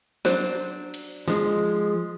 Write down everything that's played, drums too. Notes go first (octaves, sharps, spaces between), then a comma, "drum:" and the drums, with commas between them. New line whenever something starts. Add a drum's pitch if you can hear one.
F#3 D4 C5, drum: snare
drum: cymbal
F3 G#3, drum: snare